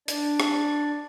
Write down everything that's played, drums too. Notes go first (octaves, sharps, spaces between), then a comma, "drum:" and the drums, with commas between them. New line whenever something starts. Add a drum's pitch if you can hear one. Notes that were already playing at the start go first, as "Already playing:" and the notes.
D4 D5, drum: hi-hat
drum: rim click